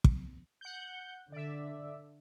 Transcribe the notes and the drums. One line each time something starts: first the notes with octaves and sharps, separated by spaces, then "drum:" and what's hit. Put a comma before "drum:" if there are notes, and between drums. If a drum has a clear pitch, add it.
drum: kick
F#5 G6
D3 D5 E5